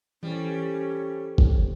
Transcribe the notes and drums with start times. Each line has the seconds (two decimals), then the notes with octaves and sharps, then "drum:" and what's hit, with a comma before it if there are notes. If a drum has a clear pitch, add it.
0.23 E3 G3 C#4 A4 C5 G5
1.38 drum: kick